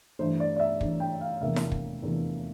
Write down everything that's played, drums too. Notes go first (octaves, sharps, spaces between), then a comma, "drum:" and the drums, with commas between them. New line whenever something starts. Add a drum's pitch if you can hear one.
G2 E3 A3 C5
D5
D5
E5
G2 E3 A3, drum: kick
G5
F5
F1 E2 E3 A#3 D4 E5
drum: snare E4
drum: kick
F1 E2 E3 A#3 D4